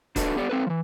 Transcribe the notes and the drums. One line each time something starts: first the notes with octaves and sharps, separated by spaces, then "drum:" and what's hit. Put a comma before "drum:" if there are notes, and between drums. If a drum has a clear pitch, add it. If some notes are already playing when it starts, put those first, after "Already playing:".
D4 F#4 A4 B4 D#5, drum: kick C#1, hi-hat
B3 G4 A4 D5
C4 A4 B4
E3 F3